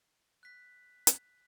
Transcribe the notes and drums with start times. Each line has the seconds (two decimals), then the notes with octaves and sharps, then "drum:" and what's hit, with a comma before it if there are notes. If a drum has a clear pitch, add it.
0.43 F#6 B6
1.07 drum: hi-hat